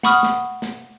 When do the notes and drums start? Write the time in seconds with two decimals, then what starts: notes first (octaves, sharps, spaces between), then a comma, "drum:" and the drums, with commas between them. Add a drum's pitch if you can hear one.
0.03 F#5 B5 C#6 D#6 F6, drum: snare
0.23 drum: snare
0.62 drum: snare